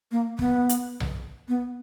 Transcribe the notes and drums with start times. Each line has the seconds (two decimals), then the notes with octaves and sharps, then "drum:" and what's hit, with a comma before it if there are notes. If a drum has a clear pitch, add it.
0.12 A#3
0.39 B3, drum: kick
0.69 drum: hi-hat
1.00 drum: tom B1
1.48 B3